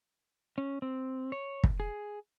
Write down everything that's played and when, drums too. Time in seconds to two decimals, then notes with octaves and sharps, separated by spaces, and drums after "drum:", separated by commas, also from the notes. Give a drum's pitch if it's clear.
0.58 C#4
0.82 C4
1.32 C#5
1.64 drum: kick
1.80 G#4